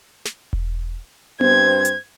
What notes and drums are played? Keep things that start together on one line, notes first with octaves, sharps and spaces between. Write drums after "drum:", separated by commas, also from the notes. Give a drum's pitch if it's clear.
drum: snare
drum: kick E1
G2 C4 C5 G#6, drum: tom B3
drum: hi-hat